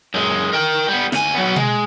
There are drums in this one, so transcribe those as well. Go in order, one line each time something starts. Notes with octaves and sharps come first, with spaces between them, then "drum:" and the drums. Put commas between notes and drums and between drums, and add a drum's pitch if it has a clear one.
F#2 G#3
A#4 G5
G3 B3
D2 G#5, drum: snare
F#3 B3
G#3, drum: tom B2